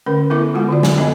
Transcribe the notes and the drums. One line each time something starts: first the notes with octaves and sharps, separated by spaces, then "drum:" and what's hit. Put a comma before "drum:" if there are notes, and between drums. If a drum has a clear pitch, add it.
D3 A3 C#4 A#4
A3 B3 E4 A4 E5 D6
G#3 B3 F4 F#4 F#5
D3 F4 D5
G#5, drum: snare
B3 D4 A4 D#5 G5